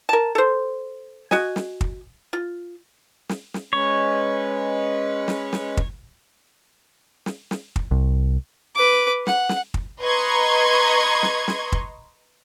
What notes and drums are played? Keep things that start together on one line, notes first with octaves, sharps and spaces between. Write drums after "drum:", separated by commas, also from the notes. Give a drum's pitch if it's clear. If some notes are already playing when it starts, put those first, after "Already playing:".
A#4 A5
A4 C5
F#4 D#5 G#5, drum: snare
drum: snare
drum: kick
F4
drum: snare
drum: snare
G#3 C#4 B4 C#5
drum: snare
drum: snare
drum: kick
drum: snare
drum: snare
drum: kick
C2
B4 D6
F#5, drum: snare
drum: snare
drum: kick
B4 D#5 A#5 C6 C#6 G#6
drum: snare
drum: snare
drum: kick